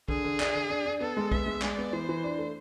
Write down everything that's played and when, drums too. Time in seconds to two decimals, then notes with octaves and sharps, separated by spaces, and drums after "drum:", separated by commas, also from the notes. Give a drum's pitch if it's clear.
0.08 D3 G#4, drum: kick B1
0.24 D3
0.40 D4, drum: clap
0.55 D3
0.70 D4
0.85 D4
1.01 B3 A4
1.17 G#3
1.32 B3 E5, drum: kick B1
1.46 G#3
1.62 G#3 D5, drum: clap
1.78 B3
1.93 E3 C5
2.09 E3
2.24 D4
2.38 A3